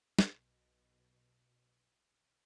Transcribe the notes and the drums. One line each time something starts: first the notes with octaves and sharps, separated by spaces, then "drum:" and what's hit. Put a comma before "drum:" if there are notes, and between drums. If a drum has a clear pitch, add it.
B1 B2, drum: snare